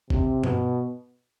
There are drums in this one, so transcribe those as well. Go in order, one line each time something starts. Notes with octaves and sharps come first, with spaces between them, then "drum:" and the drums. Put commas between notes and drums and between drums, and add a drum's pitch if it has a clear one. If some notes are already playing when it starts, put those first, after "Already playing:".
C3, drum: kick G#1
B2, drum: tom G2